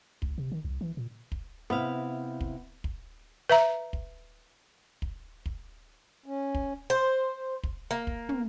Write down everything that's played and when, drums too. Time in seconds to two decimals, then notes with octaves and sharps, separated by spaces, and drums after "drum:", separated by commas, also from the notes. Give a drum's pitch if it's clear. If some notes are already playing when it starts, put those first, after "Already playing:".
0.22 C#2, drum: kick
0.38 C3
0.52 D#3
0.64 C2
0.81 E3
0.97 A#2
1.32 drum: kick
1.70 C3 B3 E4 F5
2.41 drum: kick
2.84 drum: kick
3.49 B4 E5 A#5
3.93 drum: kick
5.02 drum: kick
5.46 drum: kick
6.26 C#4
6.55 drum: kick
6.90 C5
7.63 drum: kick
7.91 A#3
8.07 drum: kick
8.29 drum: tom